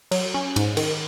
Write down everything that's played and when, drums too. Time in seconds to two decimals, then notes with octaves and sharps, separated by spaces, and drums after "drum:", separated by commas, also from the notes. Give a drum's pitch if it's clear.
0.11 F#3, drum: cymbal
0.34 C#4
0.56 G#2, drum: cymbal
0.77 D#3, drum: cymbal